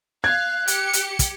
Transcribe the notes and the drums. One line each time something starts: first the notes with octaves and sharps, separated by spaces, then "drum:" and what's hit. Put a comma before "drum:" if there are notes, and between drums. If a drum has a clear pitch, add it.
F5 F#6 G#6
G4 C#7, drum: hi-hat
drum: hi-hat
drum: kick, hi-hat